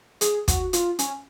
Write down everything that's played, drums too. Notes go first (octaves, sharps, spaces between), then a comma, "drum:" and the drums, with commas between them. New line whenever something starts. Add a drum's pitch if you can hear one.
G#4, drum: hi-hat
F#4, drum: kick, hi-hat
F4, drum: hi-hat
C#4, drum: hi-hat